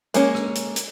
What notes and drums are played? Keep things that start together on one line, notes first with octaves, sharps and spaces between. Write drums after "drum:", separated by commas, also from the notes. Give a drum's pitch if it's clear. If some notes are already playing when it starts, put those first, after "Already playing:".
G#3 A#3 C#4, drum: hi-hat
drum: rim click
drum: hi-hat
drum: hi-hat